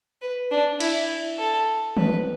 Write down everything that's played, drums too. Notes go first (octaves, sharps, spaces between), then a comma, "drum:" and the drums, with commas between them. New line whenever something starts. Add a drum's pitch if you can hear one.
B4
D4
E4, drum: cymbal
A4
B4, drum: tom D#3